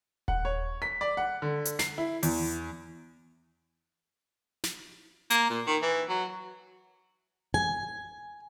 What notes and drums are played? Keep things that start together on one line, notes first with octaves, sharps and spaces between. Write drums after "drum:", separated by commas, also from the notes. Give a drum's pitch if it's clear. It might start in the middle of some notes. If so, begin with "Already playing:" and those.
F#5, drum: kick D#1
C#5
B6
D5
F#5
D3
drum: hi-hat
C7, drum: snare
E4
E2, drum: open hi-hat
drum: snare
A#3, drum: hi-hat
A#2
D#3
E3
F#3
G#5